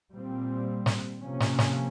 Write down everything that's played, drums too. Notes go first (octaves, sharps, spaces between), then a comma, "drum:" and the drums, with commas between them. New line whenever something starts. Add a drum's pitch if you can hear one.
A#2 G3 C4
drum: snare
C3 F3 A#3 C#4
drum: snare
drum: snare